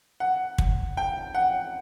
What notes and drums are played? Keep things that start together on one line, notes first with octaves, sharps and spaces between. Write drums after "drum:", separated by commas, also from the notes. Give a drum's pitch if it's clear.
F#5
drum: kick
G5
F#5